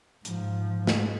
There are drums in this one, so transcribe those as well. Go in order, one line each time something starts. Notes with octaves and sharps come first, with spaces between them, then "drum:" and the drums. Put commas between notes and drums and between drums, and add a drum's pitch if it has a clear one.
G#2 F3, drum: hi-hat
G#3, drum: snare